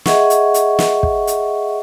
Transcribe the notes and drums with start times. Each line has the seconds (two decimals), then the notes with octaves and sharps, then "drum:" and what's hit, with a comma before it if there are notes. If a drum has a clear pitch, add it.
0.06 G#4 D#5 E5 F#5 C#6, drum: snare
0.30 drum: hi-hat
0.54 drum: hi-hat
0.79 drum: snare
1.03 drum: kick
1.27 drum: hi-hat